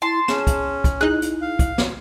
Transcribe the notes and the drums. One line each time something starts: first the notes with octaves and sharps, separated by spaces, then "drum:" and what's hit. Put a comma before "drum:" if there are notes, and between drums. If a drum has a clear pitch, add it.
E4 A5 C6
C#4 G#4 E7, drum: snare
drum: kick, hi-hat
drum: kick, hi-hat
D#4 E4 G#4 F#6
drum: hi-hat
F5
drum: kick, hi-hat
drum: snare